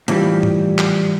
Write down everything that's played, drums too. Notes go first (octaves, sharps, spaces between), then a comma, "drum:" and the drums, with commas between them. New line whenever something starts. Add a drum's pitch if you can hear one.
A2 E3 F3 G3, drum: hi-hat
drum: tom G#2
drum: clap